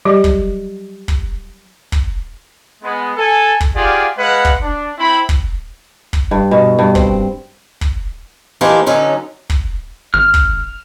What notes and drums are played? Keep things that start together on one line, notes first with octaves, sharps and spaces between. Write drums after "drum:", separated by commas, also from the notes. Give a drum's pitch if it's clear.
F#3 G3 G4 D5
drum: kick
drum: kick
drum: kick
G#3 B3
A4 G#5 A5
drum: kick
F4 G4 G#4 D5 F5 F#5
G#3 B4 F5 F#5
drum: kick
D4
C4 E4 B5
drum: kick
drum: kick
G2
B2
G2
C4, drum: kick
drum: kick
E3 F3 A#3 D#4 G4
D3 F#3 C#4 D#4
drum: kick
G#1 F6
drum: kick